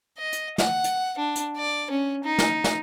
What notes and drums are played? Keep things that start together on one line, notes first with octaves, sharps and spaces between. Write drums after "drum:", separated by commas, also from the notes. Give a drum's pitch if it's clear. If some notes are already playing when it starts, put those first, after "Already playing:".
D#5
drum: hi-hat
F#5, drum: snare
drum: hi-hat
D4
drum: hi-hat
D5
C#4
D#4
drum: snare
drum: snare